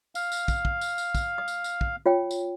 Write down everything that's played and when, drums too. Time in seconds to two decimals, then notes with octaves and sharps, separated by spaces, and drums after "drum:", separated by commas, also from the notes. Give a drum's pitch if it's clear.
0.15 F5, drum: tambourine
0.32 drum: tambourine
0.48 drum: kick, tambourine
0.65 drum: kick
0.81 drum: tambourine
0.98 drum: tambourine
1.15 drum: kick, tambourine
1.38 D#6
1.48 drum: tambourine
1.64 drum: tambourine
1.81 drum: kick
2.06 F4 C#5 G5
2.31 drum: tambourine